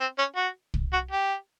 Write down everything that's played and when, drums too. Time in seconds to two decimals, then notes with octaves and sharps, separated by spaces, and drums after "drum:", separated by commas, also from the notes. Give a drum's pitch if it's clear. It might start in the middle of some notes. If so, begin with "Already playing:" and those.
0.01 C4
0.18 C#4
0.36 F#4
0.74 drum: kick
0.93 F#4
1.11 G4